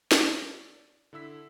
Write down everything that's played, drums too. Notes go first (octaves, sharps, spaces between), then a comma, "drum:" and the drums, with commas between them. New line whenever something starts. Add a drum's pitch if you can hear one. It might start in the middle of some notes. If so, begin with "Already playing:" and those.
drum: snare
D5
D3 E4 E6 B6